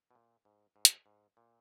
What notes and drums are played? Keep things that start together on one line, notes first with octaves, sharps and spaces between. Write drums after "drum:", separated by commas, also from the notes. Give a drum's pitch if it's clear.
B2
A#2
G#2
G#2
drum: hi-hat
G#2
A#2